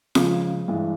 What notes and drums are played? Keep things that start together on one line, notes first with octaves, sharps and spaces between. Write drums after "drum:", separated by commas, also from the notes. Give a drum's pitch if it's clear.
C#3 F3 G#3, drum: snare F4
G2 E3 G#3